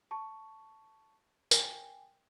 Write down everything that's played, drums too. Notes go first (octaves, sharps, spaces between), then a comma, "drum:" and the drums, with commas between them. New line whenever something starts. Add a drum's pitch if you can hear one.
A5 C#6
A#4 G5 G#5, drum: tambourine